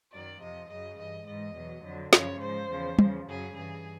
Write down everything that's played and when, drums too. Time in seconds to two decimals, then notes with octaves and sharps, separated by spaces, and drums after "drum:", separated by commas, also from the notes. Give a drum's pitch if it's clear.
0.12 F#2 D#3 F#3 D5
0.40 F2 C3 F3 D#5
0.69 F#2 C#3 F#3 D#5
0.98 G2 E3 D#5
1.26 G#2 E3 D#5
1.55 E2 B2 F#3
1.84 F2 D3 F#3
2.13 F#2 C#3 F3 C#5, drum: snare
2.41 G#2 F3 C5
2.71 E2 C#3 F3
2.99 E2 C#3 F3, drum: tom
3.27 F#2 C#3 F#3 G#4
3.56 G2 E3 G#4